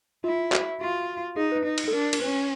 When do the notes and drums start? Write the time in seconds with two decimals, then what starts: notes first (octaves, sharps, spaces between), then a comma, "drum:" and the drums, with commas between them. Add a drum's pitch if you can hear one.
0.24 E4 F4
0.52 F#4, drum: clap
0.81 F4 F#4
1.36 D#4 G#4
1.52 B4
1.65 D#4
1.78 drum: cymbal
1.88 A4
1.93 D4 A#4
2.13 A#4, drum: cymbal
2.21 C#4 B4